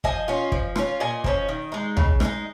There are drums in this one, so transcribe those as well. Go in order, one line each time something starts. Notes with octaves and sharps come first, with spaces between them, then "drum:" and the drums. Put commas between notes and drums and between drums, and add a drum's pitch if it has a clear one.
F3 D#5 G#5, drum: kick
C#4 F4
F3, drum: kick
C#4 F4, drum: rim click
A#2 D#5 G#5
F3 A#3 C#4, drum: kick
D#3
G#3 D#4
C#3, drum: tom
G#3 D#4, drum: rim click